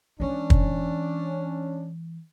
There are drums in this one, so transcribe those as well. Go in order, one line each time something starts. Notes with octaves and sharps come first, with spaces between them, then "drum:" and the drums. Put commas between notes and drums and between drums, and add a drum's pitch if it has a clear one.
E3 G#3 C#4 D4
drum: kick